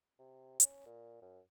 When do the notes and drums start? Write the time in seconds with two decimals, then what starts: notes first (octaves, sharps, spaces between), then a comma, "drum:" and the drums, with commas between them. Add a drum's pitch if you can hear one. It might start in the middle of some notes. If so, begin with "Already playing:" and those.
0.19 C3
0.60 C#4, drum: hi-hat
0.86 A#2
1.22 F#2